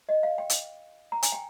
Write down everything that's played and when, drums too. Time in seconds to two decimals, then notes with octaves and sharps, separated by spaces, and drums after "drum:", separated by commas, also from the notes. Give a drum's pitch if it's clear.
0.09 D#5
0.23 F5
0.38 G5
0.50 drum: hi-hat
1.12 A#5
1.23 G#5, drum: hi-hat
1.32 G5